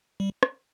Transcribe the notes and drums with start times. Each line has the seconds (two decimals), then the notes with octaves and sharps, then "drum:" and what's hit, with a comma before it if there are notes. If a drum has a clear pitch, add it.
0.20 G3
0.43 drum: rim click